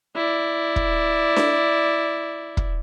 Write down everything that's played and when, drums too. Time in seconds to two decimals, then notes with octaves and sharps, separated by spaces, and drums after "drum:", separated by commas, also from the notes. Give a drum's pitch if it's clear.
0.16 E4 D5
0.76 drum: kick
1.36 drum: snare D4
2.57 drum: kick